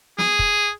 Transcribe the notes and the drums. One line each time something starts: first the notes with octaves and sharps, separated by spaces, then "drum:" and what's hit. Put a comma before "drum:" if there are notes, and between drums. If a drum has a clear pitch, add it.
G#4, drum: snare
drum: kick